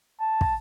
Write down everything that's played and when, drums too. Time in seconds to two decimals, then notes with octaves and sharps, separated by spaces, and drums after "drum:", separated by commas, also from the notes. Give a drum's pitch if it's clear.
0.20 A5
0.41 drum: kick